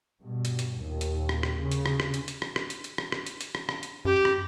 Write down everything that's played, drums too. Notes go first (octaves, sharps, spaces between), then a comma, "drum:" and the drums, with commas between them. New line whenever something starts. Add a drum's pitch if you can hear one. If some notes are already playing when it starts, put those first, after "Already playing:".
G2 B2
drum: hi-hat
drum: hi-hat
D#2 A#2
drum: hi-hat
drum: rim click
drum: rim click
C#3
drum: hi-hat
drum: rim click
drum: rim click
drum: hi-hat
drum: hi-hat
drum: rim click
drum: rim click
drum: hi-hat
drum: hi-hat
drum: rim click
drum: rim click
drum: hi-hat
drum: hi-hat
drum: rim click
drum: rim click
drum: hi-hat
F#2 G4
drum: rim click